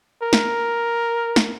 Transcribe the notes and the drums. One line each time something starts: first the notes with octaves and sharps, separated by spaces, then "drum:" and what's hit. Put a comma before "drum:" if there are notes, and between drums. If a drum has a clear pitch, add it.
A#4
drum: snare
drum: snare